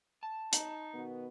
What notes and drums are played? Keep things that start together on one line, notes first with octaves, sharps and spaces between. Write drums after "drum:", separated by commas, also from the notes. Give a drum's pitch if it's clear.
A5
D#4, drum: hi-hat
B2 D#3 B3